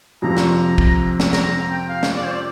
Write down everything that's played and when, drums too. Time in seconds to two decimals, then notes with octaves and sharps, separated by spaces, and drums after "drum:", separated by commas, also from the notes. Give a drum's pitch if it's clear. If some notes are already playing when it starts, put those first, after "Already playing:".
0.22 F2 C3 F3 A#5
0.37 drum: snare
0.78 drum: kick
1.20 drum: snare
1.33 A#5, drum: snare
1.52 A#5
1.71 G5
1.89 F5
2.03 drum: snare
2.16 D5
2.24 C5
2.31 D5